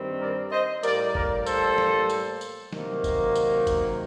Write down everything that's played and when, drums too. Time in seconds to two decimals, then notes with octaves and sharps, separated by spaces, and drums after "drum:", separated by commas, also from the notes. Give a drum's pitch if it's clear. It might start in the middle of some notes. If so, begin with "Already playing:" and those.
Already playing: G2 D#3 G3 C4
0.21 A#4 D5
0.52 C5 D#5
0.83 A2 G3 A#3 A#4 D5, drum: tambourine
1.15 A#4 D5, drum: kick G1
1.46 A4 C5, drum: tambourine
1.78 drum: snare
2.10 drum: tambourine
2.41 drum: tambourine
2.73 C3 D#3 F#3 A#3, drum: snare
3.04 drum: kick G1, tambourine
3.35 drum: tambourine
3.67 drum: kick G1, tambourine